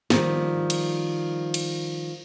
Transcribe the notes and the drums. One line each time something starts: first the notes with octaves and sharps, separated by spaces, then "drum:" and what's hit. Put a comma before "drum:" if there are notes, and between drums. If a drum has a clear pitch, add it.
D#3 F3 G3, drum: snare
drum: cymbal
drum: cymbal